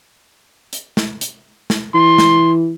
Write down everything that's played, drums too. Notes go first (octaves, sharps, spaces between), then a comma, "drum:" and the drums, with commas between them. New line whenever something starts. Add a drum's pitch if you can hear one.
drum: hi-hat
drum: snare
drum: hi-hat
drum: snare
E3 C6
drum: snare